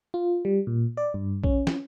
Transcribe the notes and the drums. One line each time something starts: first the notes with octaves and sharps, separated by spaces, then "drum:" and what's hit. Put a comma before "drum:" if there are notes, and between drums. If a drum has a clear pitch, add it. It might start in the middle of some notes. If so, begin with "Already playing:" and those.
F4
G3
A#2
D5
G2
C#4, drum: kick A#1
drum: snare